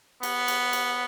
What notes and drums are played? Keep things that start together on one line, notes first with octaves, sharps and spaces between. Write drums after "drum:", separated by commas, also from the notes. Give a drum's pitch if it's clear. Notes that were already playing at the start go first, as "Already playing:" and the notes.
B3, drum: cymbal
drum: cymbal
drum: cymbal